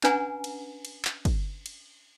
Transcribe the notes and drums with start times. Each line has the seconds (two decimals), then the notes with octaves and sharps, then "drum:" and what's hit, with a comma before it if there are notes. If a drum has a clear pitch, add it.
0.04 C#4 D4 B4 F#5 G#5 A#5, drum: clap
0.44 drum: cymbal
0.85 drum: cymbal
1.05 drum: clap
1.25 drum: kick, cymbal
1.66 drum: cymbal